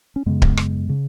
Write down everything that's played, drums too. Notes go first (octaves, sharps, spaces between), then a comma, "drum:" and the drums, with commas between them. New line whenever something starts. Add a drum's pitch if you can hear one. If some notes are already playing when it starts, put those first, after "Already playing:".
C#4
F#2 C#3 G#3 B3
drum: kick D1
drum: rim click
C#3